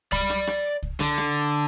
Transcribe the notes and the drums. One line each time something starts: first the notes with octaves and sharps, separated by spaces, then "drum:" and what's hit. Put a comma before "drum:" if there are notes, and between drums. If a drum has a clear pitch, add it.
D5 B5, drum: kick C2
drum: rim click
drum: rim click
drum: kick C2
D3, drum: rim click
drum: rim click